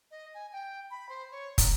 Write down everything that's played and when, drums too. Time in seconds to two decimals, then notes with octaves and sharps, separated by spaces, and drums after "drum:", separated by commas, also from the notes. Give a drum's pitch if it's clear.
0.11 D#5
0.34 G#5
0.52 G5
0.91 B5
1.09 C5
1.32 C#5
1.58 A#5, drum: kick, hi-hat